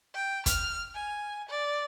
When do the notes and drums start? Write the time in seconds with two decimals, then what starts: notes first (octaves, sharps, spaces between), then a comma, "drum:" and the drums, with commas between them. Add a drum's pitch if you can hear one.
0.14 G5
0.46 F6, drum: kick, hi-hat
0.95 G#5
1.49 D5